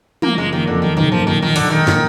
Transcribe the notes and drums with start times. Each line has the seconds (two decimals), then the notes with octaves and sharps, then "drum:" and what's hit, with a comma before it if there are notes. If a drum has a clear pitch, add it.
0.22 F3 A#3, drum: tom
0.37 F#1 G#3
0.53 D#3 A#3
0.67 F2 D3
0.82 D#3 F#3
0.97 B1 D#3, drum: tom
1.12 F3 A#3
1.27 A#2 D#3
1.42 D#3 F3
1.56 B1 D3, drum: open hi-hat
1.70 D#3 G#3
1.87 A#2, drum: snare